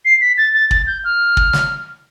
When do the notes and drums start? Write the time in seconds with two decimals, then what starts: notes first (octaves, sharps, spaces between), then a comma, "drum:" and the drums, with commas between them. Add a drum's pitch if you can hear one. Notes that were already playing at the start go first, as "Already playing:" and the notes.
0.05 C7
0.21 B6
0.38 A6
0.54 A6
0.71 A6, drum: kick
0.87 G6
1.05 F6
1.37 drum: kick
1.53 drum: snare